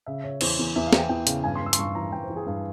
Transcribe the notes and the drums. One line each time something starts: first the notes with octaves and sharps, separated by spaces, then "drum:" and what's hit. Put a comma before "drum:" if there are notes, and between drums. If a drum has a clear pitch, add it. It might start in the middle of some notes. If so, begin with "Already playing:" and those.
C#3 E5
C#3 C#5
E2 C5, drum: cymbal
E2
E2 E5
F5
E3, drum: snare
G5
E2 G5
C#3, drum: hi-hat
G2 G#5
C6
G2
E6
C6, drum: hi-hat
G2 C#6
E3 A#5
G2 G5
C5
E3
G#4
G2